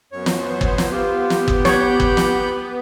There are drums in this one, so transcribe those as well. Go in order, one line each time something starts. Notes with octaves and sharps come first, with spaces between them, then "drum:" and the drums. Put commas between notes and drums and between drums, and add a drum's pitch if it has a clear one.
F#2 B3 C5 C#5
drum: snare
drum: kick
drum: snare
B3 F4 G4
drum: snare
drum: kick
C#5 F#5 B5 G6, drum: snare
drum: kick
drum: snare